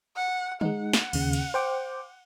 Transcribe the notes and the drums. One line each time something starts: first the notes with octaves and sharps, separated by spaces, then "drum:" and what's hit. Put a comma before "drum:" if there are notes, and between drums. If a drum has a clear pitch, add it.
F#5
G#3 D#4 F#5, drum: tom
drum: snare
D#2 C#3, drum: cymbal
drum: cymbal
C5 G5 D6